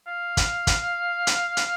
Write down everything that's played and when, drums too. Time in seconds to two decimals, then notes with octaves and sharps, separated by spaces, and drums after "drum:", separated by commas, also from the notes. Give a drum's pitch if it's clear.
0.07 F5
0.37 drum: kick, hi-hat
0.67 drum: kick, hi-hat
1.27 drum: hi-hat
1.57 drum: hi-hat